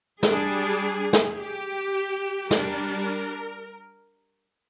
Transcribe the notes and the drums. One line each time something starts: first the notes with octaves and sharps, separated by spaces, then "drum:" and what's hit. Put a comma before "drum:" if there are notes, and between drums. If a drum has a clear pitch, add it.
G3 D4 G#4, drum: snare
drum: snare
G4
G3 D4 A#4, drum: snare